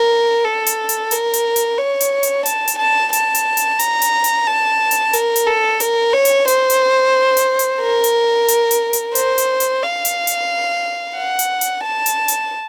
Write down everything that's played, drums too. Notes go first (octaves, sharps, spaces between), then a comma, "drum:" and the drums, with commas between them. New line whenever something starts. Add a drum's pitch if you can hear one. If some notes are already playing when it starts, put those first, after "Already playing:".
Already playing: A#4
A4
drum: hi-hat
drum: hi-hat
A#4, drum: hi-hat
drum: hi-hat
drum: hi-hat
C#5
drum: hi-hat
drum: hi-hat
A5, drum: hi-hat
drum: hi-hat
A5
A5, drum: hi-hat
drum: hi-hat
drum: hi-hat
A#5, drum: hi-hat
drum: hi-hat
drum: hi-hat
A5
drum: hi-hat
A#4, drum: hi-hat
drum: hi-hat
A4
A#4, drum: hi-hat
C#5
drum: hi-hat
C5, drum: hi-hat
drum: hi-hat
drum: hi-hat
drum: hi-hat
A#4
drum: hi-hat
drum: hi-hat
drum: hi-hat
drum: hi-hat
C5, drum: hi-hat
drum: hi-hat
drum: hi-hat
F5
drum: hi-hat
drum: hi-hat
F#5
drum: hi-hat
drum: hi-hat
A5
drum: hi-hat
drum: hi-hat